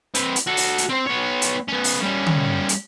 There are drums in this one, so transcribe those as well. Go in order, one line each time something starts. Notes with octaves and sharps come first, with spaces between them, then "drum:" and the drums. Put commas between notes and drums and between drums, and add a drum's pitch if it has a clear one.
C4 B4, drum: hi-hat
drum: hi-hat
F#4 A4
drum: open hi-hat
drum: hi-hat
C4 C5
B3 C#5
drum: hi-hat
B3 C#4
drum: open hi-hat
G3 C#4
drum: tom D3
drum: hi-hat